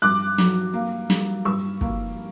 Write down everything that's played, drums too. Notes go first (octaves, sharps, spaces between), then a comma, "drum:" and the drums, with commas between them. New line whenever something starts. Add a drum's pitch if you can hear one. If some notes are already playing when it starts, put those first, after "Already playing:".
G2 D6 F#6
F#3, drum: snare
A#3
G3, drum: snare
G2 C#6 E6
A#3, drum: kick